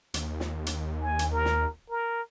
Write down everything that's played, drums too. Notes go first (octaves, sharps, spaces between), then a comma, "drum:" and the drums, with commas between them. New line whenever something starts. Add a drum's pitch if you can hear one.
D#2, drum: hi-hat
drum: snare
drum: hi-hat
G#5
drum: hi-hat
A#4
drum: snare
A#4